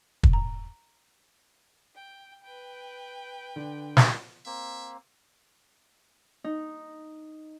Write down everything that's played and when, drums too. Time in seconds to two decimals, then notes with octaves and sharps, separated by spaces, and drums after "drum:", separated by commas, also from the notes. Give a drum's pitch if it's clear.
0.23 drum: kick
0.33 A#5
1.94 G5
2.43 B4 G5
3.56 D3
3.97 drum: snare
4.46 A#3 C4 E5
6.44 D#4